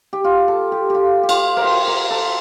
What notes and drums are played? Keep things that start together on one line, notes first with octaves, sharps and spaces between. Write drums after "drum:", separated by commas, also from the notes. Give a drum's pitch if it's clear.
G4
F4
A4
G4
F4 G4
G4
F4, drum: cymbal
A#4, drum: cymbal
C5
A#4
A4